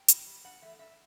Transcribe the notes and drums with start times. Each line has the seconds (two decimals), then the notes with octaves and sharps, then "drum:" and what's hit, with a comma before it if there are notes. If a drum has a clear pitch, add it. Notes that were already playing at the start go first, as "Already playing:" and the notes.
Already playing: G5
0.08 B2, drum: hi-hat
0.27 G3
0.44 G2 F#5
0.61 E3 A3 E5
0.79 G2 E5